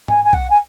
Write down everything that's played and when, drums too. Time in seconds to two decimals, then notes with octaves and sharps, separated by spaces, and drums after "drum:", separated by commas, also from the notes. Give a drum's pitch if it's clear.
0.08 G#5, drum: tom G#2
0.24 G#5
0.33 F#5, drum: kick B1
0.50 G#5